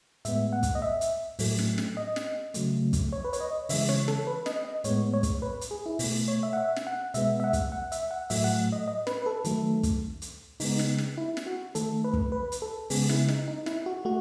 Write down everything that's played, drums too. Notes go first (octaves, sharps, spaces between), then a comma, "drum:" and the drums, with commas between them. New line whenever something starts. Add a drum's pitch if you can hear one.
A2 G#3 B3 E5, drum: hi-hat
F#5
drum: kick, hi-hat
D#5
E5
drum: hi-hat
A2 F#3 A3, drum: open hi-hat
drum: snare
drum: snare
D#5
drum: snare
C#3 F#3 A3, drum: hi-hat
drum: kick, hi-hat
C#5
B4
C#5, drum: hi-hat
D#5
C#3 E3 G#3 E5, drum: open hi-hat
C#5, drum: snare
A4, drum: snare
B4
D#5, drum: snare
D#5
A2 G#3 B3 C#5, drum: hi-hat
C#5
drum: kick, hi-hat
B4
drum: hi-hat
G#4
E4
B2 A3, drum: open hi-hat
C#5
E5
F#5
E5
drum: snare
F#5
B2 G#3 B3 E5, drum: hi-hat
E5
F#5
drum: kick, hi-hat
F#5
E5, drum: hi-hat
F#5
A2 F#3 A3 E5, drum: open hi-hat
F#5
D#5
D#5
B4, drum: snare
B4
A4
D#3 F#3 A3, drum: hi-hat
drum: kick, hi-hat
drum: hi-hat
C#3 G#3 B3 D#4, drum: open hi-hat
drum: snare
drum: snare
E4
drum: snare
F#4
D#3 A3 A4, drum: hi-hat
B4
drum: kick
B4
drum: hi-hat
A4
C#3 G#3 B3 G#4, drum: open hi-hat
E4, drum: snare
D#4, drum: snare
D#4
E4, drum: snare
F#4
A3 F#4